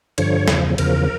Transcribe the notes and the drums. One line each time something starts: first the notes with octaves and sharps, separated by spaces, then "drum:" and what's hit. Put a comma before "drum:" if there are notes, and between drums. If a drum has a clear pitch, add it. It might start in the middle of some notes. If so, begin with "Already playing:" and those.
G2 D3 F3 C#5, drum: cymbal
E2 C#3 F3, drum: snare
E2 C#3 F3 A#4, drum: cymbal